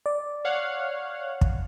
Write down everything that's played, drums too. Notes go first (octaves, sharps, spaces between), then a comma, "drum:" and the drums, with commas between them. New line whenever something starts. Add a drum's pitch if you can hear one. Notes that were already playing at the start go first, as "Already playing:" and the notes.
D5
C#5 F5 F#5
drum: kick